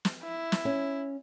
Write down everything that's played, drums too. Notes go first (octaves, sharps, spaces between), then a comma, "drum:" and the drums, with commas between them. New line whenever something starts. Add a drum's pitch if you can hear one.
drum: snare
E4
drum: snare
C#4